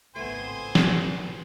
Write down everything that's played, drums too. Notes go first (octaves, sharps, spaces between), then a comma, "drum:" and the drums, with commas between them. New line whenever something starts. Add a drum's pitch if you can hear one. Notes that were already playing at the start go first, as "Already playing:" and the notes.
G#1 C#2 A2 A3 B3 C4 C5 G#5
drum: snare